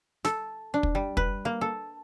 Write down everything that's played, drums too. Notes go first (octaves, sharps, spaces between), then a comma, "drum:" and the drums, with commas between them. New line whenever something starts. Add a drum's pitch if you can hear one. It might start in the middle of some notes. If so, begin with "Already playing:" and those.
A4, drum: snare
D4
drum: kick
G3
B4, drum: kick
A#3
A4